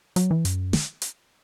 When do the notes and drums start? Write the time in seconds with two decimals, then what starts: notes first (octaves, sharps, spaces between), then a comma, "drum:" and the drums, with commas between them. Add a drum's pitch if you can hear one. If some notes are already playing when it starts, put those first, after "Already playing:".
0.16 F#3, drum: hi-hat
0.31 E3
0.45 F#2, drum: hi-hat
0.73 drum: snare
1.02 drum: hi-hat